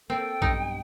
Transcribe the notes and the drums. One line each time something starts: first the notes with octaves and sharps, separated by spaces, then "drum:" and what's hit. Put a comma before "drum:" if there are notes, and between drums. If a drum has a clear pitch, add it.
A#3 C4 A4 G5
B1 G2 D#4, drum: kick A#1